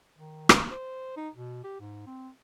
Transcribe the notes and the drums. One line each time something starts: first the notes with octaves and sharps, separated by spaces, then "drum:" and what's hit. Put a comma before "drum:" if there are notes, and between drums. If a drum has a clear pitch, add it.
D#3
A#3, drum: rim click
C5
D#4
B2
G4
G#2
C4